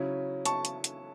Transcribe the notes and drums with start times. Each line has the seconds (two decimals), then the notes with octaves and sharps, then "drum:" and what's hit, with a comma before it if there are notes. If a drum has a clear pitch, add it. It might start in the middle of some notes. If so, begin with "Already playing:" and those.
Already playing: C#3 F#3 C#4 E4
0.45 A5 C#6, drum: hi-hat
0.65 drum: hi-hat
0.84 drum: hi-hat